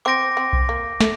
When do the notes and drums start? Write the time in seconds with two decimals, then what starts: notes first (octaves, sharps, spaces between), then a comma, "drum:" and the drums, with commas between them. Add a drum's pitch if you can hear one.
0.05 C4 D6 G6 A#6 D7
0.37 C4
0.53 drum: kick B1
0.69 A#3
1.00 A3, drum: snare